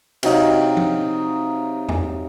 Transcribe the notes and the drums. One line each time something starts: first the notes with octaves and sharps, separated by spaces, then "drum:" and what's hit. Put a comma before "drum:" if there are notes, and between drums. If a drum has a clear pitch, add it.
C3 F#3 D#4 F5, drum: cymbal
drum: tom F3
drum: tom E2